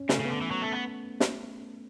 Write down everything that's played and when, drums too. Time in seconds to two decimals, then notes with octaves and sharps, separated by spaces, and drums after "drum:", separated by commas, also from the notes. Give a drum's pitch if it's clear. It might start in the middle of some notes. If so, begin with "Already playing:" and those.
Already playing: C#4
0.09 C#3 A3, drum: snare
0.20 C#3
0.25 D3 B3
0.41 E3
0.51 F#3
0.62 A3
0.72 B3
1.20 drum: snare